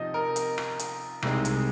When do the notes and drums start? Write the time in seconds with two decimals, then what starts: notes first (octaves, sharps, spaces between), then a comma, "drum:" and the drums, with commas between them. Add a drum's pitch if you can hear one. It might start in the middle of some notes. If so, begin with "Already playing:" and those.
Already playing: C3 F3 C4 D#4 D#5
0.14 A#4
0.36 drum: hi-hat
0.58 drum: rim click
0.79 drum: hi-hat
1.22 C2 C3 G#3 C4 D#4, drum: rim click
1.45 drum: hi-hat